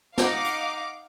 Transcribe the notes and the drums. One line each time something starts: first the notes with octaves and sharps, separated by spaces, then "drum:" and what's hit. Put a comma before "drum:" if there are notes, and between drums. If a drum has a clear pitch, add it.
D#4 D#5 F5 F#5 D6, drum: snare
drum: hi-hat